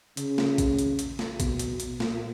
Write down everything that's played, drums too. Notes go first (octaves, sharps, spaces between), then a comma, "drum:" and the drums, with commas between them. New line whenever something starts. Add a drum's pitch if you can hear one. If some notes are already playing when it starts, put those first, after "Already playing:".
C#3, drum: hi-hat
drum: snare
drum: kick A#1, hi-hat
drum: hi-hat
drum: hi-hat
drum: snare
B2, drum: kick A#1, hi-hat
drum: hi-hat
drum: hi-hat
A#2, drum: snare